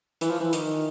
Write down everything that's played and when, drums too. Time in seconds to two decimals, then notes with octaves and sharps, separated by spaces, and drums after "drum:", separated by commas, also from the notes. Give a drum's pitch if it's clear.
0.21 E3, drum: hi-hat
0.30 F3
0.40 E3
0.53 D#3, drum: hi-hat